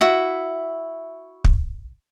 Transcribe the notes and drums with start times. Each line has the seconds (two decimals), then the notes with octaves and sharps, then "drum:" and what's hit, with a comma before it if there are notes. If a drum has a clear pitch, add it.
0.01 E4 F#4 E5
1.44 drum: kick